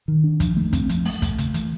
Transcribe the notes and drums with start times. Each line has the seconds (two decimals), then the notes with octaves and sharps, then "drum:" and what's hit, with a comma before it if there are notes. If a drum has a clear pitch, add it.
0.08 D#3
0.24 D4
0.40 F3, drum: kick, hi-hat
0.57 A3
0.73 C4, drum: kick, hi-hat
0.89 F3, drum: hi-hat
1.05 A3, drum: open hi-hat
1.22 A3, drum: kick, hi-hat
1.38 C#3, drum: hi-hat
1.54 E3, drum: hi-hat